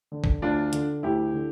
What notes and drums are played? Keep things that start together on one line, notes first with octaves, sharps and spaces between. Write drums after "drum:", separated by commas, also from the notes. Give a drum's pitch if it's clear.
D3
drum: kick
D2 D4 F4
D3, drum: hi-hat
D2 E4 G4
D3